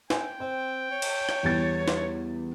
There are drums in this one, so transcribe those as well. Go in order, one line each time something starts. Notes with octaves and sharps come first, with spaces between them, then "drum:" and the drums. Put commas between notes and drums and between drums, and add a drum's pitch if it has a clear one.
G5 G#5, drum: snare
C4 C5
C#5
drum: cymbal
drum: rim click
E2 G3 A6
drum: snare